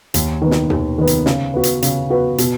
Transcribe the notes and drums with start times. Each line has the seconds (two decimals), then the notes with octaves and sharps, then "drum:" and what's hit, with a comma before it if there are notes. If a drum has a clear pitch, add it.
0.14 D#2, drum: hi-hat
0.42 D#3 B3
0.51 drum: snare
0.70 D#2, drum: tom B2
0.98 D#3 B3
1.07 drum: hi-hat
1.26 C#3, drum: snare
1.54 B3 F#4 B4
1.63 drum: hi-hat
1.82 C#3, drum: hi-hat
2.10 B3 F#4 B4
2.38 B2, drum: hi-hat